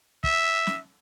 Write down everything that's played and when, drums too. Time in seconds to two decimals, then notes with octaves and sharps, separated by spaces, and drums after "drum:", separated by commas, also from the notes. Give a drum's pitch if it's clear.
0.24 E5, drum: kick
0.67 drum: snare